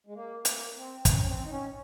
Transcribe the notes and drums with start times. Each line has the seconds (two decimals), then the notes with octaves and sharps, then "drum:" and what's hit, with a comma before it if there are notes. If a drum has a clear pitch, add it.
0.06 G#3
0.14 A#3
0.45 A#3, drum: hi-hat
0.75 C4
1.05 C#4, drum: kick, hi-hat
1.22 C#4
1.27 C4
1.44 D#4
1.50 C#4